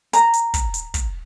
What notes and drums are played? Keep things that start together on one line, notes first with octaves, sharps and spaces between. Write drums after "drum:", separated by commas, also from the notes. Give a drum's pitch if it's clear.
A#5, drum: hi-hat
drum: hi-hat
drum: kick, hi-hat
drum: hi-hat
drum: kick, hi-hat